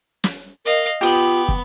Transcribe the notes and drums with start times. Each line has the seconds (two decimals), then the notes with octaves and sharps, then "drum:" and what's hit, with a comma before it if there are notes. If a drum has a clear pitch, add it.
0.24 drum: snare
0.65 A#4 D#5 F5
1.01 B3 F4 G4 D#6
1.48 drum: kick